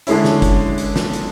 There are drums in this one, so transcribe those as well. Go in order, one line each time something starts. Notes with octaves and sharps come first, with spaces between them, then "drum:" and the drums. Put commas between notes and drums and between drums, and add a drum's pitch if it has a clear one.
D3 G#3 C#4 E4, drum: hi-hat
drum: snare
drum: kick F#1, hi-hat
drum: hi-hat
drum: snare
drum: hi-hat